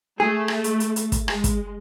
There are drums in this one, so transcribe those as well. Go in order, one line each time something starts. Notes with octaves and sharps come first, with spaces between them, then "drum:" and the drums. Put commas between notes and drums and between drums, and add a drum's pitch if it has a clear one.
A3 G#4
drum: rim click
drum: hi-hat
drum: hi-hat
drum: hi-hat
drum: kick, hi-hat
G#3, drum: rim click
drum: kick, hi-hat